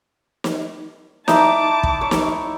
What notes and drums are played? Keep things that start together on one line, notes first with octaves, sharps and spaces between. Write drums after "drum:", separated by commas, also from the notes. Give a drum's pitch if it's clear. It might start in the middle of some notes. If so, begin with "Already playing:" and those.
drum: snare
D#4 E4 D5 A5 D6, drum: snare
drum: kick
C#5
drum: snare